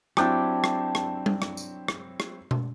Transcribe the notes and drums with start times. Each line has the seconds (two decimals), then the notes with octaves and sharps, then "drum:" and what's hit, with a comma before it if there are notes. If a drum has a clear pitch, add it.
0.17 F#3 C4 D4 E4 G4, drum: rim click
0.64 drum: rim click
0.95 drum: rim click
1.26 drum: tom G3
1.42 drum: rim click
1.57 drum: tambourine
1.88 drum: rim click
2.20 drum: rim click
2.51 drum: tom B2